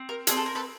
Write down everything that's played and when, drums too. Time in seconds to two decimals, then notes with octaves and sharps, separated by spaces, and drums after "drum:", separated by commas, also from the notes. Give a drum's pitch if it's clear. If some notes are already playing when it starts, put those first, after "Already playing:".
Already playing: C4
0.09 A#4
0.27 C4 F4 G#4 A4, drum: hi-hat
0.37 A4
0.46 A#4
0.55 A4 B4